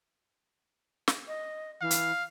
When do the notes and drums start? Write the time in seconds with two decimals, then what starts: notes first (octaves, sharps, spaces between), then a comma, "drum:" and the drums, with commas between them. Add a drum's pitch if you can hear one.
1.08 drum: snare
1.28 D#5
1.81 E3 F5
1.91 drum: hi-hat